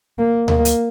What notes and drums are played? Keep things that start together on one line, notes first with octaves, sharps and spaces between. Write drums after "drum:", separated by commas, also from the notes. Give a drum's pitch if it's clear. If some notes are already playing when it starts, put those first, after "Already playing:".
A#3
A#3, drum: tom D2
drum: hi-hat